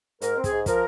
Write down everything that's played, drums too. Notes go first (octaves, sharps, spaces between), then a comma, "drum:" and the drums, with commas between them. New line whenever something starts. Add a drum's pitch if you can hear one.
G#2 A#4, drum: hi-hat
C4
G#4, drum: kick, hi-hat
G#2
F3 A#4, drum: kick, hi-hat